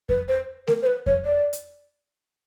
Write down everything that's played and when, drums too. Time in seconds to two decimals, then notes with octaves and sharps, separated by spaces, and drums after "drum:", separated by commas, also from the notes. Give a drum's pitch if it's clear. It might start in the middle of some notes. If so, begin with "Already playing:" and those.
0.09 B4, drum: kick F2
0.28 C5
0.67 A#4, drum: snare A3
0.82 C5
0.86 B4
1.06 C#5, drum: kick F2
1.25 D5
1.53 drum: hi-hat